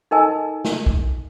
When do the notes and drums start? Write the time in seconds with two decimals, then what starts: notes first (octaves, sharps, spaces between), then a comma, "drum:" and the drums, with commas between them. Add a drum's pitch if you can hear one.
0.11 D#4 A4 A#4 D#5 G#5 A5
0.65 drum: snare
0.86 drum: kick